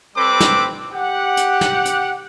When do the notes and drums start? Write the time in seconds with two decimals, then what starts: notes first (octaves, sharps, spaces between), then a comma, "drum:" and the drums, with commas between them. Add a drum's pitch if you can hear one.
0.16 G3 C4 A4 B4 D6
0.41 drum: snare
0.93 G4 F#5
1.37 drum: hi-hat
1.61 drum: snare
1.85 drum: hi-hat